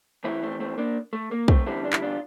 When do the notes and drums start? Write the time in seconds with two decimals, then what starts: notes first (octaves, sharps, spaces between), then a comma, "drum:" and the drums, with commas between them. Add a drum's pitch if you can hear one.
0.24 E2 E3 A3 C4 E4
0.43 A3 C4
0.60 A3 C4
0.78 A#3 D4
1.13 A3
1.31 A#3
1.48 A3 C4, drum: kick
1.66 E2 D3 G3 C4 E4
1.85 D4
1.93 E4, drum: clap
2.02 D4 F4